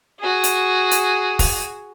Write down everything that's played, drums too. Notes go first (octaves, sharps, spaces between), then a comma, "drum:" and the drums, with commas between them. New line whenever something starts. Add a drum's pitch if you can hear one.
F#4 G#4
drum: hi-hat
drum: hi-hat
drum: kick, open hi-hat